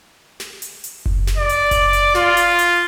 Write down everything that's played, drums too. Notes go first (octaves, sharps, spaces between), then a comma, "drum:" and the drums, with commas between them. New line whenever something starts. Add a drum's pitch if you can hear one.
drum: snare
drum: hi-hat
drum: hi-hat
drum: kick F#1
drum: snare
D5
drum: hi-hat
drum: kick F#1, hi-hat
drum: hi-hat
F4, drum: snare
drum: hi-hat
drum: hi-hat